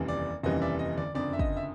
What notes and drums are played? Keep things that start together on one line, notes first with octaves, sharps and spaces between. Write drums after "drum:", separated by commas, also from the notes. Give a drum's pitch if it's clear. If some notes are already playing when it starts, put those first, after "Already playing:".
Already playing: F1 D#2 C#3 E3 G3
D5
F1 D#2 C#3 E3 G3 D#5
D5 E5
D#5
D5, drum: tom D3
F#1 F2 D3 D5
E5
D#5, drum: kick
E5